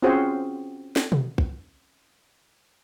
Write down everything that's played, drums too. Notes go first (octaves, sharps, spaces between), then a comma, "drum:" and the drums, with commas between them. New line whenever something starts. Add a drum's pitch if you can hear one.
C4 C#4 F4 F#4 G#4 C5
drum: snare
drum: tom B2
drum: kick